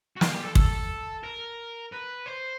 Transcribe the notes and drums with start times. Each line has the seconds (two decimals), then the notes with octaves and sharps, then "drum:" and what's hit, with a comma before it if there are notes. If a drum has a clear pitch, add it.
0.17 F#4
0.21 F4, drum: snare
0.32 G4
0.44 A4
0.55 A4, drum: kick
1.24 A#4
1.92 B4
2.26 C5